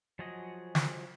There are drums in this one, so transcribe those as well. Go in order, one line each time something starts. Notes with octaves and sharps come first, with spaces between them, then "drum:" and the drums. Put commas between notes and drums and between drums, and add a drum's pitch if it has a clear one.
F3 F#3 F#4 G#4 D#5
drum: snare